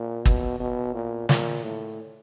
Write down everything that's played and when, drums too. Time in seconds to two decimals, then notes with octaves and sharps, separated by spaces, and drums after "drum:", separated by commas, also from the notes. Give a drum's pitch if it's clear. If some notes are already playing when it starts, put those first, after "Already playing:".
Already playing: A#2
0.25 B2, drum: kick
0.60 B2
0.94 A#2
1.29 A#2, drum: snare
1.63 A2